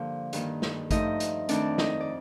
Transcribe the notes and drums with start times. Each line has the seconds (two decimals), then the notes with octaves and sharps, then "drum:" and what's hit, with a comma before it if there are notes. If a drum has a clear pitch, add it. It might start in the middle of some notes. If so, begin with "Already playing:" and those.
Already playing: G2 D3 F3 A#3
0.33 G2 D#3 A#3, drum: hi-hat
0.62 drum: snare
0.91 G2 F3 A3 D#4 D#5, drum: kick, hi-hat
1.20 drum: hi-hat
1.49 F2 D#3 A3 D4 D5, drum: hi-hat
1.78 D#4 D#5, drum: snare
2.00 D5